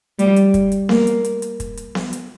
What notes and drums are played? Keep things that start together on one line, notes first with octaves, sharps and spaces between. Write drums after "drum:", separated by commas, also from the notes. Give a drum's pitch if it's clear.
G3, drum: hi-hat
drum: hi-hat
drum: kick, hi-hat
drum: hi-hat
A#3, drum: snare B3
drum: hi-hat
drum: hi-hat
drum: hi-hat
drum: kick, hi-hat
drum: hi-hat
drum: snare B3
drum: hi-hat